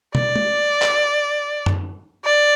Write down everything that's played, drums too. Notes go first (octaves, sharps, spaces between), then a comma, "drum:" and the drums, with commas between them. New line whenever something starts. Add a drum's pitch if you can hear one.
D5, drum: tom
drum: tom
drum: clap
drum: tom F#2
D5